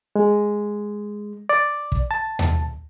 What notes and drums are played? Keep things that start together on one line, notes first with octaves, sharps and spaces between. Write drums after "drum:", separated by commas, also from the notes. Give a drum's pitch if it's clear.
G#3
D5
drum: kick
A5
drum: tom D#2